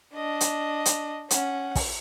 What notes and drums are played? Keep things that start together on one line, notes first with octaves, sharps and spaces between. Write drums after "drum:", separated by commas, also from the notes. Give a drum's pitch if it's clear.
D4 D#5
drum: hi-hat
drum: hi-hat
C#4 F#5, drum: hi-hat
drum: kick, open hi-hat